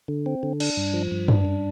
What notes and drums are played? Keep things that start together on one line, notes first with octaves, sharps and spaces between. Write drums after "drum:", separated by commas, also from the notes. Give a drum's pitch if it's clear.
D3
C4
D3
D4, drum: cymbal
G2
F3
G2
D4, drum: tom
G2